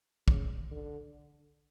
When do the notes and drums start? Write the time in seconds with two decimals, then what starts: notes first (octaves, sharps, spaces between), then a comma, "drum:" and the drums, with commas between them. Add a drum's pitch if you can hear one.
0.28 C#3, drum: kick
0.71 D3